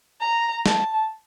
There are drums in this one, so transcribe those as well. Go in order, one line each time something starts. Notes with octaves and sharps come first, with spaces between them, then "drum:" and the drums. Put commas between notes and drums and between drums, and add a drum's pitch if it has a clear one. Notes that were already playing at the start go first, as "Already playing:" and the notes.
A#5
A5, drum: snare